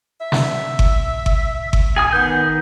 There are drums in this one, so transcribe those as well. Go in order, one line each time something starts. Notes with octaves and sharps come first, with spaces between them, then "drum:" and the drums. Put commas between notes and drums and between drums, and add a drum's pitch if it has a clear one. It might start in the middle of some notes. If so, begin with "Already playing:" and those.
E5
drum: snare
drum: kick G1
drum: kick G1
drum: kick G1
G#4 G#5 D#6
D#3 B3 G6